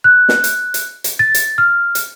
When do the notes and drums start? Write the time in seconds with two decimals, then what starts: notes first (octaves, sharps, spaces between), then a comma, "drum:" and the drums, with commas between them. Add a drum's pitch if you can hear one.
0.04 F#6
0.29 drum: snare
0.44 drum: hi-hat
0.74 drum: hi-hat
1.04 drum: hi-hat
1.19 A6
1.34 drum: hi-hat
1.58 F6
1.95 drum: hi-hat